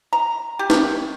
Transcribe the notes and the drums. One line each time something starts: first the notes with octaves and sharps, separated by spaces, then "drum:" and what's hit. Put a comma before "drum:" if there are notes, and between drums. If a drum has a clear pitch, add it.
A#5
G4
drum: snare